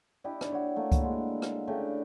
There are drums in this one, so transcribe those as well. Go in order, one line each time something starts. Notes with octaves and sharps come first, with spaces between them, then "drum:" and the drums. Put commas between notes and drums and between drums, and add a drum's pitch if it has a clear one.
D4 E4 G4 D#5
drum: rim click
F#4 C#5
A3 A#3
drum: kick C#2, hi-hat
D3 G#3
drum: rim click
C#3 A3 D4 G4